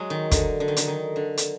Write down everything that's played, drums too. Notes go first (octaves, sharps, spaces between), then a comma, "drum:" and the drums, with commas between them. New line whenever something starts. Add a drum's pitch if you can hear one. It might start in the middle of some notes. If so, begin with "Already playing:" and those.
Already playing: F#3 G#3
D#3
D3, drum: kick, hi-hat
D3
D#3
D3, drum: hi-hat
D#3
D3
drum: hi-hat